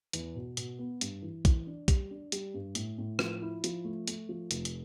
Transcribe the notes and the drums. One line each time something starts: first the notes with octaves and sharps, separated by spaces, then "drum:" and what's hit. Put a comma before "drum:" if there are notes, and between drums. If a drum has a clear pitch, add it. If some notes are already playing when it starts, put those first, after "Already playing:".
E2, drum: hi-hat
B2
B2, drum: hi-hat
B3
G2, drum: hi-hat
E3
E3, drum: kick B1, hi-hat
D4
G3, drum: kick B1, hi-hat
D4
G3, drum: hi-hat
G2
A2, drum: hi-hat
A2
F3, drum: rim click
E4
F3, drum: hi-hat
A3
A3, drum: hi-hat
F3
F1, drum: hi-hat
drum: hi-hat